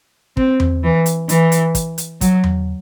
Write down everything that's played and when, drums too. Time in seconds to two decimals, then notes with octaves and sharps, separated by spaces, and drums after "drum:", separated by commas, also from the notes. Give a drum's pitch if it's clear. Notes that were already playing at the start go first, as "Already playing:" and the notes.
0.37 C4, drum: kick
0.60 drum: tom E2
0.83 E3
1.06 drum: hi-hat
1.29 E3, drum: hi-hat
1.52 drum: hi-hat
1.75 drum: kick, hi-hat
1.98 drum: hi-hat
2.21 F#3, drum: kick, hi-hat
2.44 drum: tom E2